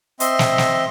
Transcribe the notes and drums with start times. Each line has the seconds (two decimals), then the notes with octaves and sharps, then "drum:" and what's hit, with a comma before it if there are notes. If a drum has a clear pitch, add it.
0.20 C4 D#5 E5 C6, drum: hi-hat
0.39 drum: snare
0.58 drum: snare